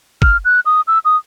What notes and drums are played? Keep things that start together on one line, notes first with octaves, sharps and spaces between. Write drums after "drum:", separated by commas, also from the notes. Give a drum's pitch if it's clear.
F6, drum: kick
F#6
D#6
E6
D#6